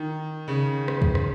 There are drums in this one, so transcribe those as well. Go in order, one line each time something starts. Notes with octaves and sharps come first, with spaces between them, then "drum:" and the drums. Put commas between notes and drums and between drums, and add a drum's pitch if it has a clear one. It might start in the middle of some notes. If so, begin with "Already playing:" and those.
Already playing: D#3
C#3
drum: rim click
drum: kick
drum: rim click